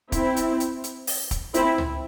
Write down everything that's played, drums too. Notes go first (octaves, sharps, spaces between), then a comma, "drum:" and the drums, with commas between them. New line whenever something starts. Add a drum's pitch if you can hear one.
C4 E4, drum: kick, hi-hat
drum: hi-hat
drum: hi-hat
drum: hi-hat
drum: open hi-hat
drum: kick, hi-hat
C4 E4, drum: hi-hat
drum: tom